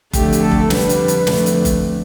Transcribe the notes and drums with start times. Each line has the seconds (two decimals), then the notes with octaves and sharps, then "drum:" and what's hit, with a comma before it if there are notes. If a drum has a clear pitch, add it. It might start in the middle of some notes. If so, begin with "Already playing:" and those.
0.13 F2 D3 A3 G4, drum: kick F#1, hi-hat
0.33 drum: hi-hat
0.42 A4
0.51 drum: kick F#1
0.70 F2 D3 G3 B4, drum: snare
0.89 drum: hi-hat
1.08 drum: hi-hat
1.27 F2 D3 A3, drum: snare
1.46 drum: hi-hat
1.65 drum: kick F#1, hi-hat